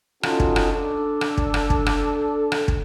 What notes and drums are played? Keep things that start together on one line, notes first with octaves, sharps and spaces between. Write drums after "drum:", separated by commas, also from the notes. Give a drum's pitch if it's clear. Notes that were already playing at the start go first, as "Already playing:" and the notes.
C#4 D#4 F4 F#4 A4, drum: rim click
drum: kick
drum: rim click
D4 A4
drum: rim click
drum: kick
drum: rim click
drum: kick
drum: rim click
drum: rim click
drum: kick